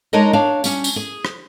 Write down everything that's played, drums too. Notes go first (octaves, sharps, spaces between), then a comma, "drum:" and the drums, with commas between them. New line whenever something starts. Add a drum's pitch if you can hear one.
G#3 D4 D#4 A#4 C#5 D#5
D4 C#5 F5
G3 C#4, drum: tambourine
drum: tambourine
G#4
drum: rim click